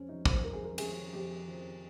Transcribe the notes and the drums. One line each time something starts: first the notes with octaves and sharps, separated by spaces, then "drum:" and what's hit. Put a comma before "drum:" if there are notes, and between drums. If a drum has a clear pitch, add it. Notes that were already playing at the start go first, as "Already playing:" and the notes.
Already playing: F2 C4 C#4
C3 F3 D#4
C5, drum: kick
F2 A#4
G#4
A#4
C3 F3 G#4, drum: cymbal
F2 G4
C3 F3